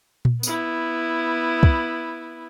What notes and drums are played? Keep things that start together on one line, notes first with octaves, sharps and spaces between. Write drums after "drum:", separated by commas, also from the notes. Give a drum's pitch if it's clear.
drum: tom A#2
B3 E4, drum: tambourine
drum: kick